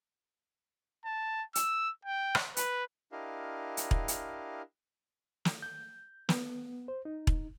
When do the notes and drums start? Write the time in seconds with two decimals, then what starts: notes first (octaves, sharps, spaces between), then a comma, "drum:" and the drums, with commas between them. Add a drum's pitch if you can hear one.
1.05 A5
1.55 E6, drum: hi-hat
2.05 G5
2.35 drum: rim click
2.57 B4, drum: hi-hat
3.12 D4 E4 G4 A#4 D#5 F5
3.77 drum: hi-hat
3.91 drum: kick E1
4.08 drum: hi-hat
5.45 drum: snare
5.62 G6
6.29 B3, drum: snare
6.88 C5
7.05 D#4
7.27 drum: kick E1